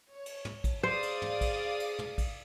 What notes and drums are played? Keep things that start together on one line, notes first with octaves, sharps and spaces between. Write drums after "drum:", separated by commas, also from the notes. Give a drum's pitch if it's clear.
C#5
drum: cymbal
drum: tom
drum: kick, cymbal
G#4 C5 D5 F5 D#6
drum: cymbal
drum: tom
drum: kick, cymbal
drum: cymbal
drum: tom
drum: kick, cymbal